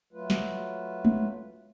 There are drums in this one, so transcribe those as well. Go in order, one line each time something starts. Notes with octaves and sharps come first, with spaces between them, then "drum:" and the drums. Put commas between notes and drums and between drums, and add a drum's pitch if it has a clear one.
F#3 A3 F4 B4
drum: snare
drum: tom G#3